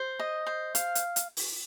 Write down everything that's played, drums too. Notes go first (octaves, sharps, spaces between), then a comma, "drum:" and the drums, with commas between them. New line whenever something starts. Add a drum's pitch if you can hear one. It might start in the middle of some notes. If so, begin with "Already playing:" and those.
Already playing: C5
D#5
C5
F5, drum: hi-hat
drum: hi-hat
drum: hi-hat
drum: open hi-hat